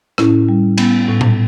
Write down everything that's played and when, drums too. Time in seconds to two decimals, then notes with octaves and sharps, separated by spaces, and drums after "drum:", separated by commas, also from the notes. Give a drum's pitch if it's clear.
0.18 A2 C#4 E4, drum: rim click
0.49 G3
0.78 B3, drum: cymbal
1.08 A2
1.21 drum: tom A#2